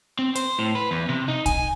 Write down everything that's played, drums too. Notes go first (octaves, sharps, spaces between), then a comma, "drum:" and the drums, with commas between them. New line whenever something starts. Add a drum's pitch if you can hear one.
C4
C5, drum: hi-hat
A2
B4
E2
C3
D#4
G#5, drum: kick, hi-hat